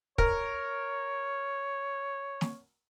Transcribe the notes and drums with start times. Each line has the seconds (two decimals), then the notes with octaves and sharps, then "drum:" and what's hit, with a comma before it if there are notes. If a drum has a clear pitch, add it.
0.18 A#4 C#5, drum: kick
2.41 drum: snare